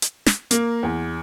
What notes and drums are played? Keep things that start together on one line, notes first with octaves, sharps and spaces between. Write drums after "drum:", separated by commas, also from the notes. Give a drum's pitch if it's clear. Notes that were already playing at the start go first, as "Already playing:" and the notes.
drum: hi-hat
drum: snare
A#3, drum: hi-hat
E2